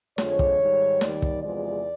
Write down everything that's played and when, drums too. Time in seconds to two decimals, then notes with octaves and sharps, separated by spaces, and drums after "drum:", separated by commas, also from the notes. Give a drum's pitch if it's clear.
0.18 F2 D3 F3 G#3 C#5, drum: snare
0.39 drum: kick
0.60 G#2 D#3 G3
1.01 D#2 D#3 G3 D5, drum: snare
1.22 drum: kick
1.43 E2 C3 F3 G#3 D5